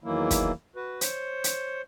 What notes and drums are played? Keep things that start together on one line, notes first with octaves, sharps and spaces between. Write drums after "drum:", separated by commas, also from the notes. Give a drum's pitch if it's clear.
E2 D#3 E3 F#3 A#3 E4
drum: kick, hi-hat
F#4 B4
C5 C#5, drum: hi-hat
drum: hi-hat